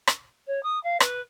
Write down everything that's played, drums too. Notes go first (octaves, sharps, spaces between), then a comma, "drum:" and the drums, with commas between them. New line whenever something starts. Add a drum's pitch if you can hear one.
drum: rim click
C#5
D#6
F5
B4, drum: rim click